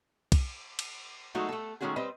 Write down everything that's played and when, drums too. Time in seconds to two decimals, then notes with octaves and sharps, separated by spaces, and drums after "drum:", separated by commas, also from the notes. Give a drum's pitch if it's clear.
0.32 drum: kick, cymbal
0.79 drum: cymbal
1.35 F#3 G#3 A3 D#4 F#4
1.49 A3 A4
1.81 D#3 G#3 A3 C#4 F#4 G#4
1.96 G3 C4 B4 C5 D#5